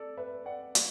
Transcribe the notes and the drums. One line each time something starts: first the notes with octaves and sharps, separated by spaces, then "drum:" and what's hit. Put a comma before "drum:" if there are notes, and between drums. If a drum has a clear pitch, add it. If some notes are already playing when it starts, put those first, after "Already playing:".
Already playing: A4 D5
B4 E5
D5 F#5
drum: hi-hat